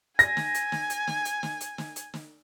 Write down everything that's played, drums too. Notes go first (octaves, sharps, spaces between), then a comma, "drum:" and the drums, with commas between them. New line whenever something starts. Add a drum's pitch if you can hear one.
G#5 A#6, drum: hi-hat
drum: snare
drum: hi-hat
drum: snare
drum: hi-hat
drum: snare
drum: hi-hat
drum: snare
drum: hi-hat
drum: snare
drum: hi-hat
drum: snare